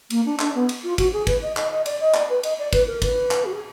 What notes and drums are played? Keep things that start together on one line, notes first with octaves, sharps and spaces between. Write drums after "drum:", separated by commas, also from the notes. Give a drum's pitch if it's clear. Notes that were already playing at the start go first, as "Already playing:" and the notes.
A#3, drum: cymbal
D4
D4, drum: clap
B3
drum: cymbal
F4
F#4, drum: kick, cymbal
G#4
B4, drum: kick, cymbal
D#5
D#5, drum: clap
D#5
D5, drum: cymbal
D#5
D5, drum: clap
B4
D#5, drum: cymbal
D5
B4, drum: kick, cymbal
A#4
B4, drum: kick, cymbal
drum: clap
F#4
G#4